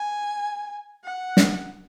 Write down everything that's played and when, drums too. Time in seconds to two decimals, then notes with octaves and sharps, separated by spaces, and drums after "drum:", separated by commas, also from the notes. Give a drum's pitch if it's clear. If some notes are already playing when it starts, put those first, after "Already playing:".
Already playing: G#5
1.04 F#5
1.37 drum: snare